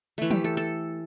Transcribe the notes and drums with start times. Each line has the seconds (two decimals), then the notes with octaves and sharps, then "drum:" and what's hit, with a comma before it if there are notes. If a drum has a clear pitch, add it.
0.18 E3 A3
0.31 G4, drum: tom
0.44 A4
0.57 A4